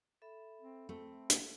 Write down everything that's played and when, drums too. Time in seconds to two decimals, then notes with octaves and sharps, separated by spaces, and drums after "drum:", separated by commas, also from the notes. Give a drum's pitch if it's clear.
0.22 A4 E5 B5
0.61 C4
0.89 A3 C4
1.30 drum: hi-hat